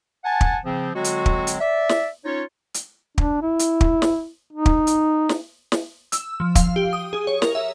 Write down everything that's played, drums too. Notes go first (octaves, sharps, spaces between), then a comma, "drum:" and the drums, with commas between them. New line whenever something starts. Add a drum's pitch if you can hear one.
F#5 G#5 A5
drum: kick
C#3 F3 C4
D3 F#3 G#3 C4 F#4
drum: hi-hat
drum: kick
drum: hi-hat
D5 E5
drum: snare
C#4 D#4 F4 C#5
drum: hi-hat
D4, drum: kick
E4
drum: hi-hat
drum: kick
drum: snare
D#4
drum: kick
drum: hi-hat
drum: snare
drum: snare
E6, drum: hi-hat
F3
F5, drum: kick, hi-hat
G4
D#6
G#4
C#5
A#4, drum: snare
E5